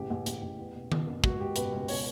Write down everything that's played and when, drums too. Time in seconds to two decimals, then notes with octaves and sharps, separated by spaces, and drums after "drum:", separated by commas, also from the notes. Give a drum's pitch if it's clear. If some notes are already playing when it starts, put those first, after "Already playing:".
Already playing: A1 C#3 G4
0.10 A1
0.26 A1, drum: hi-hat
0.42 A1
0.59 E2
0.75 B2
0.92 B2, drum: tom D#3
1.07 F#1
1.24 C#2 F#4, drum: kick
1.40 C#2 G4
1.56 B2 B4, drum: hi-hat
1.73 C#2
1.88 B2 C#5, drum: open hi-hat